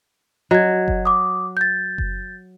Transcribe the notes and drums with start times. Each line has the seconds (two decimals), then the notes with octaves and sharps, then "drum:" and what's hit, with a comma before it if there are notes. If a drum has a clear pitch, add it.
0.51 F#3 D#5 G#6
0.88 drum: kick F#1
1.05 D6 D#6
1.57 G6 A6
1.98 drum: kick F#1